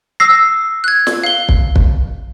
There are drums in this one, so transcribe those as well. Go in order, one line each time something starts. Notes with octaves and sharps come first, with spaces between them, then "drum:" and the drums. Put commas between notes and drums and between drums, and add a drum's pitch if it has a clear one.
D#6 E6 A#6 C7
F#6 G#6
drum: snare
F5 G7
drum: kick
drum: kick